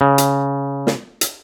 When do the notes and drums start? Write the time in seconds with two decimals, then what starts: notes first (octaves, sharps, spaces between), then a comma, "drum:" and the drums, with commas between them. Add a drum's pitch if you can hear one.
0.01 C#3
0.18 drum: hi-hat
0.87 drum: snare
1.21 drum: hi-hat